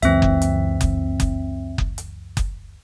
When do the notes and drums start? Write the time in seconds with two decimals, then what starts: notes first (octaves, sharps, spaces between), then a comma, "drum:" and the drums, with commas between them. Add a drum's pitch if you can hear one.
0.02 C#2 F#2 E3 C4 E5, drum: hi-hat
0.22 drum: kick F#1
0.42 drum: hi-hat
0.81 drum: kick F#1, hi-hat
1.20 drum: kick F#1, hi-hat
1.78 drum: kick F#1
1.98 drum: hi-hat
2.37 drum: kick F#1, hi-hat